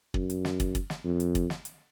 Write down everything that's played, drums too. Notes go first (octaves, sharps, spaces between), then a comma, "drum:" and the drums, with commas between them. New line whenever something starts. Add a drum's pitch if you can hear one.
F#2, drum: kick
drum: hi-hat
drum: snare
drum: kick, hi-hat
drum: kick, hi-hat
drum: snare
F2
drum: hi-hat
drum: kick, hi-hat
drum: snare
drum: hi-hat